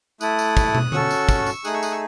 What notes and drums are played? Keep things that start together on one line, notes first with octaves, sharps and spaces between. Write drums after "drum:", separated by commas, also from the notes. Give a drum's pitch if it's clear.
A3 E4 A4 D#6 F#6, drum: tambourine
drum: tambourine
drum: kick, tambourine
drum: tom
C#4 F#4 A4 C#6 E6, drum: tom D3
drum: tambourine
drum: kick, tambourine
drum: tambourine
A3 D#4 G#4 D#6 F#6, drum: tambourine
C#6 E6
D#6 F#6, drum: tambourine
C#6 E6